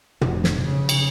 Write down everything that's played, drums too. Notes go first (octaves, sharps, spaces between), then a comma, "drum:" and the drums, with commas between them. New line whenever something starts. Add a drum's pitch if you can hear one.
F1, drum: tom
drum: snare
C#3
drum: cymbal